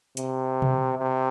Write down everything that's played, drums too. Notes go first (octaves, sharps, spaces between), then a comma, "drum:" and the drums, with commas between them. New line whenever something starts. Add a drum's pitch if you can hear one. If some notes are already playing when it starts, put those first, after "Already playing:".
C3, drum: hi-hat
drum: tom B2
C3